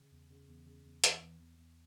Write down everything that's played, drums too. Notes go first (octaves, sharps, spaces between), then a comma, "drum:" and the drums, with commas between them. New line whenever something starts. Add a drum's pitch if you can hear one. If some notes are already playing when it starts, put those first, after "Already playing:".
Already playing: C#3
E2
C#3
E2
C#3
E2
E3, drum: hi-hat
E2
E2
E2